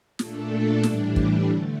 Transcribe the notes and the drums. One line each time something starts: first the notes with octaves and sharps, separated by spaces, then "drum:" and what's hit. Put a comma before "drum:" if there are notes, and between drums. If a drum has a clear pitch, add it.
A#2 A3 D4 A4, drum: snare
A2 E3 G3 D4, drum: snare
drum: kick
D3 A3